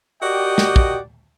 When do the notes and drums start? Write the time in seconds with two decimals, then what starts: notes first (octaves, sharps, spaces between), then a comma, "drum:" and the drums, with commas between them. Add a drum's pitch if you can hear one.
0.22 F#4 G4 A#4 D5 D#5 G5
0.58 drum: snare
0.76 drum: kick